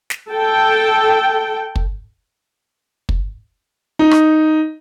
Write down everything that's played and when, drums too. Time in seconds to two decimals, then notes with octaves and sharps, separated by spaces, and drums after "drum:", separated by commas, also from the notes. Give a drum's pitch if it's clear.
0.10 drum: snare
0.30 A4 G5
1.76 drum: kick
3.09 drum: kick
3.99 D#4
4.11 drum: rim click